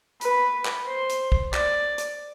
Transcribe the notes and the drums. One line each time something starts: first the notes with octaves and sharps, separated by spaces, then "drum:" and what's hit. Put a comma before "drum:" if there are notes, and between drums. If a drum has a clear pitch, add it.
B4, drum: hi-hat
drum: clap
C5
drum: hi-hat
drum: kick
D5, drum: clap
drum: hi-hat